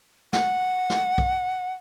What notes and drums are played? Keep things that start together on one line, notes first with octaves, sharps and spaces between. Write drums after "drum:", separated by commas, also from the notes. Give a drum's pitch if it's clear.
F#5, drum: snare
drum: snare
drum: kick